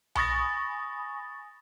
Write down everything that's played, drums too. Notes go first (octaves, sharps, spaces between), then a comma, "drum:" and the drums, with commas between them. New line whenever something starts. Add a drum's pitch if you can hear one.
G#5 B5 C#6 D#6 A6 A#6, drum: tom B1